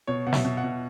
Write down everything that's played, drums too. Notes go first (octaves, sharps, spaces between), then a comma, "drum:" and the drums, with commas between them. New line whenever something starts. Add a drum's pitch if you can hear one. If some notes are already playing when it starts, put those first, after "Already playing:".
B2 C#5
B2 F#5
E5, drum: snare
B2
F#5
B2